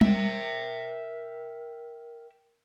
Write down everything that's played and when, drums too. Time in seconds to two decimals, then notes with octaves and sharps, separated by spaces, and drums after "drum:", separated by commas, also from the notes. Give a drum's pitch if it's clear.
0.01 A#4 E5 G5, drum: tom G3